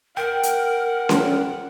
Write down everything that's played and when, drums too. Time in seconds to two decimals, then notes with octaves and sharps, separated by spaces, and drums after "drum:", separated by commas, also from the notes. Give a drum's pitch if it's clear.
0.17 A#4 F#5 G5
0.43 drum: hi-hat
1.09 drum: snare C#4